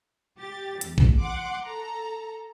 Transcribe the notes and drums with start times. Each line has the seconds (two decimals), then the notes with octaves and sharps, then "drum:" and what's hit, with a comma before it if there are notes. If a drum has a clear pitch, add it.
0.38 G4 A6
0.81 E2, drum: hi-hat
0.98 drum: kick
1.19 F#5 C6 D6
1.63 A4 A#5